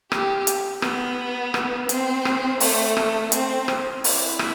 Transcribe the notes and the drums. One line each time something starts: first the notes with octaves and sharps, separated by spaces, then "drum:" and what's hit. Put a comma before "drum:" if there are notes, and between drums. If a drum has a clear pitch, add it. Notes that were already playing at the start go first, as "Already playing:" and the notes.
G4, drum: rim click
drum: hi-hat
B3, drum: rim click
drum: rim click
C4, drum: hi-hat
drum: rim click
A3, drum: open hi-hat
drum: rim click
C4, drum: hi-hat
drum: rim click
E4, drum: open hi-hat
drum: rim click